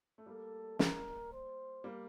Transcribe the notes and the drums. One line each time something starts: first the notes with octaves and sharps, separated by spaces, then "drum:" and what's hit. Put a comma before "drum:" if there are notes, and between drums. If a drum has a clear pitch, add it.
A3
G3 A#3 A4
A#4, drum: snare
C5
G3 A#3